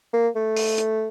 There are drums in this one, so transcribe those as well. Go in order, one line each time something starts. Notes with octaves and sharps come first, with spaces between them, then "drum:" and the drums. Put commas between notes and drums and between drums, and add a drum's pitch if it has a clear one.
A#3
A3
drum: open hi-hat
drum: hi-hat